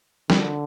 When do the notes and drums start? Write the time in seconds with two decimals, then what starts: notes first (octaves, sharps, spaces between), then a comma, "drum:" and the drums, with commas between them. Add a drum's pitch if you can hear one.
0.30 D3 G3, drum: snare